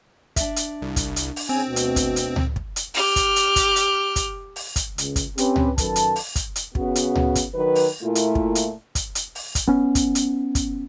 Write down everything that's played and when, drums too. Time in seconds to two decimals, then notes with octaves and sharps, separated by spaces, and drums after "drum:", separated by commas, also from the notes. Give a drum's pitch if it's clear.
0.36 D4 E5, drum: kick, hi-hat
0.56 drum: hi-hat
0.82 C2
0.96 drum: kick, hi-hat
1.16 drum: hi-hat
1.36 drum: open hi-hat
1.49 C#3 C4 G#5
1.67 D2 B2
1.76 drum: hi-hat
1.96 drum: kick, hi-hat
2.16 drum: hi-hat
2.36 drum: tom C#2
2.56 drum: kick
2.76 drum: hi-hat
2.94 G4 F6, drum: open hi-hat
3.16 drum: kick, hi-hat
3.36 drum: hi-hat
3.56 drum: kick, hi-hat
3.76 drum: hi-hat
4.16 drum: kick, hi-hat
4.56 drum: open hi-hat
4.76 drum: kick, hi-hat
4.98 C#2, drum: hi-hat
5.16 drum: kick, hi-hat
5.38 C4 C#4 G4 B4, drum: hi-hat
5.56 drum: tom C#2
5.78 F#2 D#3 A4 B4 A5, drum: kick, hi-hat
5.96 drum: hi-hat
6.16 drum: open hi-hat
6.36 drum: kick, hi-hat
6.56 drum: hi-hat
6.75 C#3 B3 C#4 F#4, drum: kick
6.95 drum: hi-hat
7.15 drum: tom C#2
7.35 drum: kick, hi-hat
7.54 D#3 F#3 B4
7.75 drum: open hi-hat
8.02 A#2 A3 A#3 E4 F4
8.15 drum: hi-hat
8.35 drum: kick
8.55 drum: hi-hat
8.95 drum: kick, hi-hat
9.15 drum: hi-hat
9.35 drum: open hi-hat
9.55 drum: kick, hi-hat
9.68 B3 C#4
9.95 drum: kick, hi-hat
10.15 drum: hi-hat
10.55 drum: kick, hi-hat